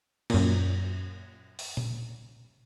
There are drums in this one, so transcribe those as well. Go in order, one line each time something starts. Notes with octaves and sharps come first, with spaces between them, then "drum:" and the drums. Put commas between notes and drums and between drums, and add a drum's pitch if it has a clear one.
F#2 A#2, drum: cymbal
drum: open hi-hat
drum: tom A#2